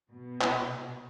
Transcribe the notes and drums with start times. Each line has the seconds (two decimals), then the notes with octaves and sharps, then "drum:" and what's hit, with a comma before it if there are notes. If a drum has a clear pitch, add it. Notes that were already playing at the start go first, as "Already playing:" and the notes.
0.10 B2
0.41 drum: clap